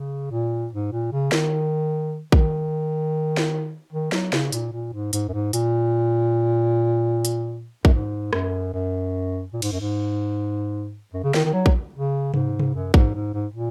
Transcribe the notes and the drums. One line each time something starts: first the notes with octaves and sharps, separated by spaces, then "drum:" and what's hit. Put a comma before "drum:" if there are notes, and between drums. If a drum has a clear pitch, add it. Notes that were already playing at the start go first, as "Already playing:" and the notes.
Already playing: C#3
A#2
G#2
A#2
C#3
D#3, drum: snare
D#3, drum: kick
drum: snare
D#3
F#3, drum: snare
C#3, drum: snare
A#2, drum: hi-hat
A#2
G#2
G#2, drum: hi-hat
F#2
G#2
A#2, drum: hi-hat
drum: hi-hat
F#2, drum: kick
G#2
F#2, drum: rim click
F#2
A#2
G#2, drum: cymbal
F#2
G#2
F#2
C#3
D#3, drum: snare
D#3
F#3
drum: kick
C#3
G#2, drum: tom C3
drum: tom C3
F#2
G#2, drum: kick
G#2
G#2
A#2